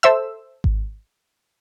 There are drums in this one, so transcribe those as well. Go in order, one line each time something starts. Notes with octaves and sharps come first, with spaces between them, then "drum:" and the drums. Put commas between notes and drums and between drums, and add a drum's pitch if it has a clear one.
A4 C5 E5 E6
drum: kick G#1